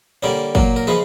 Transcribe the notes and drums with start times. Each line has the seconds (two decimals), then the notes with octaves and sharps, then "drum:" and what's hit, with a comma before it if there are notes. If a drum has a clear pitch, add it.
0.23 D3 G3 A#3 C#4
0.55 A#2 F#3 A#3, drum: kick
0.76 A#4
0.87 C#3 F3 G#3 C#4 B4